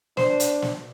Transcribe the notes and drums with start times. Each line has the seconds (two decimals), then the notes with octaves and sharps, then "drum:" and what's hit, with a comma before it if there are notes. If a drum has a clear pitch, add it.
0.17 D4 C5, drum: snare
0.40 drum: hi-hat
0.62 drum: snare